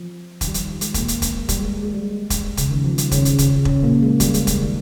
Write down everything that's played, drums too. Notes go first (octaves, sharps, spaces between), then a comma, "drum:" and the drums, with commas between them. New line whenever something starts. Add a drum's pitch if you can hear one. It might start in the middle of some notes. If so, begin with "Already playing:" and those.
Already playing: F3
D#3, drum: kick E1, hi-hat
G3
F3, drum: hi-hat
G#3, drum: hi-hat
A#2 A#3, drum: kick E1, hi-hat
drum: hi-hat
drum: kick E1, hi-hat
G3, drum: kick E1, hi-hat
G#3
G3
G#3
G3
drum: kick E1, hi-hat
C#3, drum: kick E1, hi-hat
D#3
F3
G3, drum: hi-hat
C#3 C#4, drum: kick E1, hi-hat
drum: hi-hat
C#3 C#4, drum: kick E1, hi-hat
C#3 C#4, drum: kick E1
A#2 A#3
G#3
G3, drum: kick E1, hi-hat
G#3, drum: hi-hat
G3, drum: kick E1, hi-hat
D#3